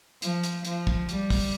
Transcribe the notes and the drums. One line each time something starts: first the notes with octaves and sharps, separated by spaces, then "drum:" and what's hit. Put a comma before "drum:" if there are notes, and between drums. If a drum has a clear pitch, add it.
F3, drum: hi-hat
drum: hi-hat
F3, drum: hi-hat
drum: kick
G3, drum: hi-hat
drum: kick, open hi-hat